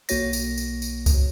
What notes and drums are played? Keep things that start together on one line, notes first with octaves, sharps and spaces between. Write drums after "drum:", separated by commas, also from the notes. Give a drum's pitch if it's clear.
B1 A#3 F#4 C#5 A#6, drum: tambourine
drum: tambourine
drum: tambourine
drum: tambourine
drum: kick C2, tambourine